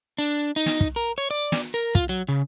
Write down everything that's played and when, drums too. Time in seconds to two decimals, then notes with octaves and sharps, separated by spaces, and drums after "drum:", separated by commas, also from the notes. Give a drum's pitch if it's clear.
0.18 D4
0.56 D#4
0.66 drum: snare
0.80 drum: kick
0.96 A#4
1.18 C#5
1.31 D5
1.52 drum: snare
1.74 A#4
1.95 F4, drum: kick
2.09 F#3
2.28 C#3